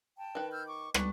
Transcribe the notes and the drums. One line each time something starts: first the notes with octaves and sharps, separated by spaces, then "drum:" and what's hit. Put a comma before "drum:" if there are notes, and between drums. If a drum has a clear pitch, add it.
G5 A5
D#3 B4
E6 F6 G6
C#6 D6
G3 G#3 D4 B4 C#6, drum: rim click